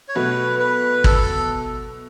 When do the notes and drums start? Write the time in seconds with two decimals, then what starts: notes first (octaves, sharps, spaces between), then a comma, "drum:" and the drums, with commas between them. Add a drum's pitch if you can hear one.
0.09 C#5
0.15 B2 F#3 A3 F#4 B4
0.59 B4
1.04 A4, drum: kick G#1